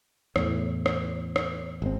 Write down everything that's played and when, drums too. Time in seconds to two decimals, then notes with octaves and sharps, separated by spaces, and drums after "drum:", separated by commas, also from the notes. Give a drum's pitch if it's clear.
0.36 E2 A2, drum: rim click
0.86 drum: rim click
1.36 drum: rim click
1.82 G#1 C4